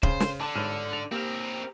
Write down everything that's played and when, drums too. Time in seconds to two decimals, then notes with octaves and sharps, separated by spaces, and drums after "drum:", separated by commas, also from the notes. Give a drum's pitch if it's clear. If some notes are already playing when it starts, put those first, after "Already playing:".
0.03 C#3 C5, drum: kick
0.20 drum: snare
0.40 D3 A5
0.56 G1 G#2 A5 F6 D#7
0.93 F7
1.12 A#3 C4 G4 A#4